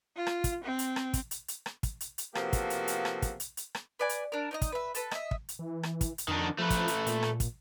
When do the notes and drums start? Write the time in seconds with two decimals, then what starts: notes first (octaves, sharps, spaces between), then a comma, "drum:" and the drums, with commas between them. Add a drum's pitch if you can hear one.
0.16 F4
0.27 drum: rim click
0.44 drum: kick, hi-hat
0.64 C4
0.79 drum: hi-hat
0.96 drum: rim click
1.14 drum: kick, hi-hat
1.31 drum: hi-hat
1.48 drum: hi-hat
1.66 drum: rim click
1.83 drum: kick, hi-hat
2.01 drum: hi-hat
2.18 drum: hi-hat
2.35 C3 F3 A#3 B3 F#4 A4, drum: rim click
2.53 drum: kick, hi-hat
2.70 drum: hi-hat
2.88 drum: hi-hat
3.05 drum: rim click
3.22 drum: kick, hi-hat
3.40 drum: hi-hat
3.57 drum: hi-hat
3.75 drum: rim click
3.99 B4 D5 G#5
4.09 drum: hi-hat
4.32 D4 A#4
4.51 D#4 D5 D#5
4.62 drum: kick, hi-hat
4.72 B4 E5
4.95 A4 B4, drum: hi-hat
5.11 D#5 E5, drum: rim click
5.31 drum: kick
5.49 drum: hi-hat
5.59 E3
5.83 drum: rim click
6.01 drum: kick, hi-hat
6.18 drum: hi-hat
6.28 F2 D#3 D4
6.59 F3 A3 B4
6.70 drum: kick, hi-hat
6.88 drum: hi-hat
7.07 A#2, drum: hi-hat
7.23 drum: rim click
7.40 drum: kick, hi-hat